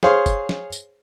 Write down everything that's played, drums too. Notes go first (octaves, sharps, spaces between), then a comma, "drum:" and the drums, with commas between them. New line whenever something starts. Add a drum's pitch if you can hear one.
G#4 C5 C#5 F5 C6, drum: snare
drum: kick F#1, tambourine
drum: snare
drum: tambourine